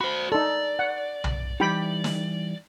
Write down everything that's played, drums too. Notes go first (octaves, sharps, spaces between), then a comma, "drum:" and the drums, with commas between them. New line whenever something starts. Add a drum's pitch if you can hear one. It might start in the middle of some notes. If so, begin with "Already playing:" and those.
F#4 C5 B5
D#4 A4 D5
F#5
drum: tom B1
E3 G3 D#4 G4 G5 B5
drum: snare